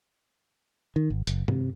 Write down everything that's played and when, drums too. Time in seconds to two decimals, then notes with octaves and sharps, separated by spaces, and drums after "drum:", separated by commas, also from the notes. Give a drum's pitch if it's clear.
0.96 D#3
1.10 G#1
1.27 F#1, drum: hi-hat
1.48 C3, drum: tom